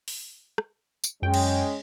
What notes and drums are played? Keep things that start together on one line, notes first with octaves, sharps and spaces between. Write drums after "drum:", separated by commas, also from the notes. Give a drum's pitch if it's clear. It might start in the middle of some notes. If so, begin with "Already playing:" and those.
drum: open hi-hat
drum: rim click
drum: tambourine
F#2 G#3 C#4 G5
drum: cymbal